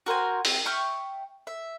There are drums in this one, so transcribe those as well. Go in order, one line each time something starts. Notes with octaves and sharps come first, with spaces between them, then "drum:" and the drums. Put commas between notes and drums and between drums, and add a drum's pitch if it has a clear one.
F#4 A#4 C5 G#5
C4, drum: open hi-hat
E5 G5 C#6 F6
E5